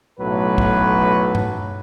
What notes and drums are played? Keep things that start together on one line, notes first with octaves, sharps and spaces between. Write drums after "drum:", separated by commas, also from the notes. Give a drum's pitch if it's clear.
B1 A2 F#3 B4
drum: kick
drum: tom G2